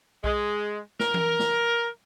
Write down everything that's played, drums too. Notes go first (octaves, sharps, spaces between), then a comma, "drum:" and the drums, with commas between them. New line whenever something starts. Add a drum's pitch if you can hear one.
G#3, drum: kick B1
A#4, drum: snare
drum: tom E3
drum: snare